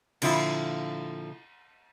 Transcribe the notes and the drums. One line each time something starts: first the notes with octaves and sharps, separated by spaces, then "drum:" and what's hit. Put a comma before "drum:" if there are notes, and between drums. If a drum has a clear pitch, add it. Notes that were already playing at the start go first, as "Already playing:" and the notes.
A#2 D3 F3 E4 F4, drum: cymbal